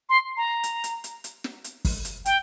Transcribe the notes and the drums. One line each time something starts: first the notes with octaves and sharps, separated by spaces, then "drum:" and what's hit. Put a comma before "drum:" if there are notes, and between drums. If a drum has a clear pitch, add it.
C6
A#5
drum: hi-hat
drum: hi-hat
drum: hi-hat
drum: hi-hat
drum: snare
drum: hi-hat
drum: kick, open hi-hat
drum: hi-hat
G5, drum: hi-hat